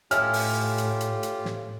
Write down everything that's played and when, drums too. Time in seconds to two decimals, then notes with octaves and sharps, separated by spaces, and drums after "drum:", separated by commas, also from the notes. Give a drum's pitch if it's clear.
0.11 A2 C#4 E4 F4 G4 A4 F6, drum: hi-hat
0.33 drum: open hi-hat
0.78 drum: hi-hat
1.01 drum: hi-hat
1.23 drum: hi-hat
1.45 drum: snare